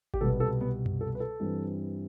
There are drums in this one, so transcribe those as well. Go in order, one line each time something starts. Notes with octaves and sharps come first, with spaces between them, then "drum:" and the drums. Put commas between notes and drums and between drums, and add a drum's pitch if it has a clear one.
G4, drum: kick G#1
C2 B2 G3 B3 A4
A4
B3 B4
drum: tom F#2
A4
B4
A4
G2 E3 G3 C4